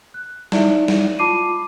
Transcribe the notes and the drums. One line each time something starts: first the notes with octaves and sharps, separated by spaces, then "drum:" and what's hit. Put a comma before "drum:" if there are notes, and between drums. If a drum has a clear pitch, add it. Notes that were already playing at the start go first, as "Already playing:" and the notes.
F#6
D#4 E4 D5 E5, drum: snare
drum: snare
F4 A5 B5 D6 C7 D#7